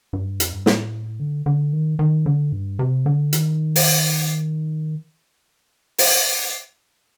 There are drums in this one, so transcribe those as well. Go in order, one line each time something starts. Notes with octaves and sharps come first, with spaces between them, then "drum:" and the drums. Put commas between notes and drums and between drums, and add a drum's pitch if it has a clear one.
G2
F2, drum: hi-hat
G2
A2, drum: snare
D3
D3
D#3
D#3
D3
G2
C3
D3
D#3, drum: hi-hat
drum: open hi-hat
drum: open hi-hat